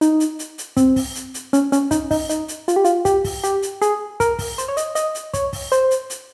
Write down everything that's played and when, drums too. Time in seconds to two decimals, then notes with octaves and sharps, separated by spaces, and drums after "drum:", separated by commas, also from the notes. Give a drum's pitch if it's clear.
0.01 D#4, drum: hi-hat
0.20 drum: hi-hat
0.39 drum: hi-hat
0.58 drum: hi-hat
0.77 C4, drum: kick, hi-hat
0.96 drum: kick, open hi-hat
1.15 drum: hi-hat
1.34 drum: hi-hat
1.53 C#4, drum: hi-hat
1.72 C#4, drum: hi-hat
1.91 D#4, drum: kick, hi-hat
2.11 D#4, drum: kick, open hi-hat
2.29 D#4, drum: hi-hat
2.48 drum: hi-hat
2.68 F4, drum: hi-hat
2.76 G4
2.85 F4, drum: hi-hat
3.05 G4, drum: kick, hi-hat
3.24 drum: kick, open hi-hat
3.44 G4, drum: hi-hat
3.62 drum: hi-hat
3.82 G#4, drum: hi-hat
4.20 A#4, drum: kick, hi-hat
4.39 drum: kick, open hi-hat
4.58 C5, drum: hi-hat
4.68 C#5
4.77 D#5, drum: hi-hat
4.95 D#5, drum: hi-hat
5.15 drum: hi-hat
5.34 C#5, drum: kick, hi-hat
5.53 drum: kick, open hi-hat
5.72 C5, drum: hi-hat
5.91 drum: hi-hat
6.10 drum: hi-hat